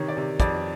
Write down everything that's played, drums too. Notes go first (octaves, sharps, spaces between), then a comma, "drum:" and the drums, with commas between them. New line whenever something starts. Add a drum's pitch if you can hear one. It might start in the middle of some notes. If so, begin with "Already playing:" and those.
Already playing: C3 D#3 C#5
D5
C3
F2 D5, drum: kick, hi-hat